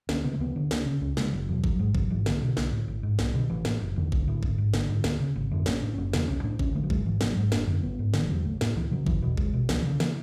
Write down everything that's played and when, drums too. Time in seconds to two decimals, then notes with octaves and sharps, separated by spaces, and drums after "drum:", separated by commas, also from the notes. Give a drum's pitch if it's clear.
0.09 D2 C#4, drum: snare
0.24 C#3 B3
0.33 A3
0.39 D2 B3
0.56 D3
0.71 D2 D4, drum: snare
0.86 C#3 C#4
1.01 C#2 C#4
1.17 C#3 G#3, drum: snare
1.33 F#1 F#3
1.48 E2 B2
1.64 A1 F#3, drum: kick G#1
1.79 G#2 G#3
1.95 G#1 F#3, drum: kick G#1
2.10 G#2 E3
2.26 B1 D3, drum: snare
2.42 B2
2.57 B1, drum: snare
2.72 A2
2.88 A1
3.03 G#2
3.19 B1, drum: snare
3.34 B2 D3
3.50 A1 E3
3.65 A2, drum: snare
3.80 F#1
3.96 E2 D3
4.12 B1 D3, drum: kick G#1
4.28 A2
4.43 G#1, drum: kick G#1
4.58 G#2
4.74 G#1 D3, drum: snare
4.89 G#2
5.04 D2, drum: snare
5.20 C#3
5.36 G#1
5.51 F#2 D3
5.66 A1 C#4, drum: snare
5.81 A2 D4
5.94 F#1 C#4
6.13 E2 C#3, drum: snare
6.28 B1 C#4
6.43 A2 D4
6.59 D2 C#4, drum: kick G#1
6.75 D3 A3
6.83 F#3
6.90 G#1 G#3, drum: kick G#1
7.05 G#2 E3
7.21 A1 F#3, drum: snare
7.37 G#2 G#3
7.52 F#1 D4, drum: snare
7.67 F#2 D3 C#4
7.83 G#1 B3
7.99 G#2
8.14 F#1 D3, drum: snare
8.22 E3
8.29 E2 D3 F#3
8.38 G#3
8.45 A1 A3
8.61 A2, drum: snare
8.76 C#2 E3
8.91 C#3 F#3
9.06 F#1 E3, drum: kick G#1
9.22 E2 B2 E3
9.37 C#2 G#3, drum: kick G#1
9.53 B2
9.69 C#2 E3, drum: snare
9.80 E3
9.85 C#3
9.90 D3
10.00 E3, drum: snare